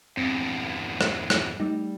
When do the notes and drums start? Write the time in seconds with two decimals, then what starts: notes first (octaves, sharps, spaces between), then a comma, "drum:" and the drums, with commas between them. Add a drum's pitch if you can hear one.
0.17 E2 G2 C4
1.01 drum: rim click
1.30 drum: rim click
1.60 G3 A3 D#4